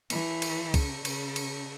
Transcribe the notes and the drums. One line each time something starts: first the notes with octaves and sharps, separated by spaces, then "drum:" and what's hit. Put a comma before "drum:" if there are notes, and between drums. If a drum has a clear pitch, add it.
E3, drum: cymbal
drum: cymbal
C#3, drum: kick, cymbal
C#3, drum: cymbal
drum: cymbal